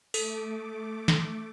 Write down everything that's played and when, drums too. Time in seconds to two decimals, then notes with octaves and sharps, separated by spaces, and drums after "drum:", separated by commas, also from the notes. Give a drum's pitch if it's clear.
0.14 A3 A4 D6, drum: open hi-hat
1.08 drum: snare